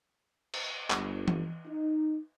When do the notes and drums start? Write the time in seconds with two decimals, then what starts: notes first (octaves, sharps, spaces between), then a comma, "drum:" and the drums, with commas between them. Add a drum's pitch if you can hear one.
0.54 drum: cymbal
0.90 G1, drum: clap
1.28 drum: tom E3
1.66 D#4